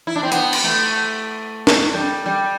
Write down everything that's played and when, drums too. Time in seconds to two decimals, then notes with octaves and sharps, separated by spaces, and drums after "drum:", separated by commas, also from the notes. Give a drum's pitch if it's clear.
0.07 E4
0.16 D4
0.23 C4
0.32 B3, drum: hi-hat
0.53 drum: cymbal
0.64 A3
1.67 drum: snare
1.94 G3
2.26 G3